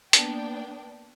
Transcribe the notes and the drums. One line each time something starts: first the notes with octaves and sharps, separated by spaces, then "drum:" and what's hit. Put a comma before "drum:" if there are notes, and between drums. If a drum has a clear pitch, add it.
A#3 B3 D4 G5, drum: hi-hat